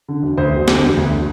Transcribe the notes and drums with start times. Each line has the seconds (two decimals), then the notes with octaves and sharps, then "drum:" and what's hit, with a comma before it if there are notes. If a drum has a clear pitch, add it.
0.08 D3
0.23 E1
0.38 D2 C5
0.52 E1
0.68 D3, drum: snare
0.82 E1
0.97 D2